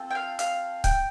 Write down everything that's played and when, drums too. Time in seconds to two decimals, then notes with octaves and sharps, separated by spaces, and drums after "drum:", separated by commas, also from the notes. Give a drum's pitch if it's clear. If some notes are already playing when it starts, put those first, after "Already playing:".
Already playing: C4 F4 A4
0.11 G5
0.15 F5
0.39 F5, drum: hi-hat
0.84 G5, drum: kick C#1, hi-hat